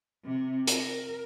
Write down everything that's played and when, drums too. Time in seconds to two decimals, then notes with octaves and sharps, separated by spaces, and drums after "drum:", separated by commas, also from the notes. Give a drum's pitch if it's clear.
0.24 C3
0.67 A#4, drum: hi-hat